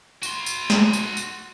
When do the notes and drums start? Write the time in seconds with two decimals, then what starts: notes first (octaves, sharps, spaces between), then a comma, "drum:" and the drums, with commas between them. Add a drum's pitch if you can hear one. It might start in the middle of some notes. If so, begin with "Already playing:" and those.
0.23 F#4 C6, drum: tambourine
0.46 drum: tambourine
0.70 drum: snare
0.93 drum: tambourine
1.17 drum: tambourine